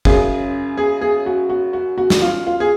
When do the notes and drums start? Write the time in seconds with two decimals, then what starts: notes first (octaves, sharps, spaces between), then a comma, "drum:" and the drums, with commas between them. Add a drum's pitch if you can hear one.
0.05 F#2 C#3 G#4, drum: kick
0.77 G#4
1.01 G#4
1.26 F#4
1.49 F#4
1.73 F#4
1.98 F#4
2.10 drum: snare
2.22 F4
2.47 F4
2.60 G#4